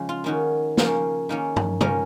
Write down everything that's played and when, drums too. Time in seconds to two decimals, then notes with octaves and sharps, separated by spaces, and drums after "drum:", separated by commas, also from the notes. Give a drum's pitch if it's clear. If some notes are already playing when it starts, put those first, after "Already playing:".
Already playing: C#3 F3 G#3
0.09 F4
0.24 D#3 A#3 C#4 F#4
0.77 C#3 F3 A#3 C#4, drum: snare
1.29 D#3 A#3 C#4
1.56 drum: tom
1.81 F3 A#3 C#4 A#4, drum: tom C3